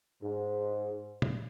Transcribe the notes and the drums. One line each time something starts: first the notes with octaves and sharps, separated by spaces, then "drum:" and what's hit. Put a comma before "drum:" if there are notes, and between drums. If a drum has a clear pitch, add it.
G#2
drum: tom A#2